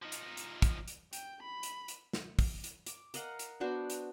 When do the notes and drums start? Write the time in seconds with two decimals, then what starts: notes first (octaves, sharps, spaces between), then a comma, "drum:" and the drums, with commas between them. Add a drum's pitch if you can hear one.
0.02 F3 D#4
0.12 drum: hi-hat
0.37 drum: hi-hat
0.62 drum: kick, hi-hat
0.88 drum: hi-hat
1.13 G5, drum: hi-hat
1.43 B5
1.63 drum: hi-hat
1.88 drum: hi-hat
2.13 drum: snare
2.39 drum: kick, open hi-hat
2.64 drum: hi-hat
2.86 D6, drum: hi-hat
3.14 A#4 D#5 F5 F#5, drum: hi-hat
3.39 drum: hi-hat
3.60 B3 D4 F#4 C5
3.90 drum: hi-hat